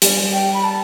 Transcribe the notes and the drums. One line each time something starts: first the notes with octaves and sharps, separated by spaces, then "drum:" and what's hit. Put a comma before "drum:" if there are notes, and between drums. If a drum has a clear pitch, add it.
G3, drum: hi-hat
G5
B5
A5